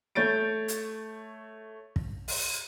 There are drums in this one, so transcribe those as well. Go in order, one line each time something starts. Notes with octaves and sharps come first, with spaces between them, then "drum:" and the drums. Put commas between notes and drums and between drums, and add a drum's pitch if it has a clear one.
A3 C#5 G6 A6 D7
drum: hi-hat
drum: kick
drum: open hi-hat